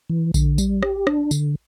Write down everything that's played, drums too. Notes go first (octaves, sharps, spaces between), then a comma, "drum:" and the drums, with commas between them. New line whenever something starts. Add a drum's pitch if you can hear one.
E3
D3, drum: kick A#1, tambourine
G3, drum: tambourine
G4, drum: rim click
D4, drum: rim click
D3, drum: tambourine